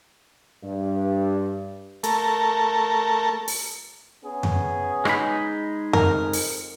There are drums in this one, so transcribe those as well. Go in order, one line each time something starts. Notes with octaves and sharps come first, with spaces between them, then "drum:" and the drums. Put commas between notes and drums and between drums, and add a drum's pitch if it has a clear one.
G2
A3 A4 A#4, drum: hi-hat
drum: open hi-hat
B3 C#4 G#4
drum: tom F2
G#3 D#4 B5, drum: rim click
F2 A#4, drum: tom F2
drum: open hi-hat